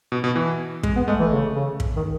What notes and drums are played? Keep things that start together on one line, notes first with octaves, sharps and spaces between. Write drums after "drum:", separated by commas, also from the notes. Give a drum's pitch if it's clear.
B2
B2
E3
G#3, drum: kick
B3
G#3 A3
E3
C#3
C#3
drum: kick
D#3